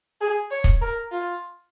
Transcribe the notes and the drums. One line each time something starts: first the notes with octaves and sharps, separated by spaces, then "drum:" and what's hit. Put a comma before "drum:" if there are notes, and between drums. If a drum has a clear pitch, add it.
G#4
C#5
drum: kick
A#4
F4